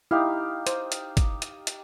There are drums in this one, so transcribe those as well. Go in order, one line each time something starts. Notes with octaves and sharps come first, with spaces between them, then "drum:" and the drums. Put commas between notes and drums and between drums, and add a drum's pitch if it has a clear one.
D#4 E4 G4 F5
C5, drum: hi-hat
drum: hi-hat
drum: kick, hi-hat
drum: hi-hat
drum: hi-hat